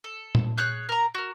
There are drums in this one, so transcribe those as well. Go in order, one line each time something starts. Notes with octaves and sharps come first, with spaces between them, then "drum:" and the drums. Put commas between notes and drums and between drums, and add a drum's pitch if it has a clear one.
A4
drum: tom A#2
G#4 C#5 F#6 G6
A#4 A#5
F#4 A#4